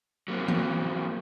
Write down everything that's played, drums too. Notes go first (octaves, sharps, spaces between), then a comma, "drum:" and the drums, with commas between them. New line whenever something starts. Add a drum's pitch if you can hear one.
F#3 A#3 C4
drum: tom E3